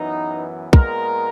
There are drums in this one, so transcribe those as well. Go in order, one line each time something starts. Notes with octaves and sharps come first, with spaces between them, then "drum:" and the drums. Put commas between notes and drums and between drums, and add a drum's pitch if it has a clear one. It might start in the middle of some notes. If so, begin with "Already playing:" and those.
Already playing: F#2 E3 B3 D#4
A#2 G#3 B3 A#4, drum: kick